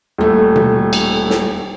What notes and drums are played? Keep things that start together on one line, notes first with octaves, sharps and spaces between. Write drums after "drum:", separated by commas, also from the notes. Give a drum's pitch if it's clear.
D#1 A3
drum: tom B2
drum: cymbal
drum: snare